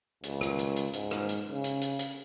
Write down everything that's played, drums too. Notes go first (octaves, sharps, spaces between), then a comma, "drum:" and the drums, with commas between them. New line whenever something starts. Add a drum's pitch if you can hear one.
C#2, drum: hi-hat
drum: rim click
drum: hi-hat
drum: hi-hat
G#2, drum: hi-hat
drum: rim click
drum: hi-hat
C#3
drum: hi-hat
drum: hi-hat
drum: hi-hat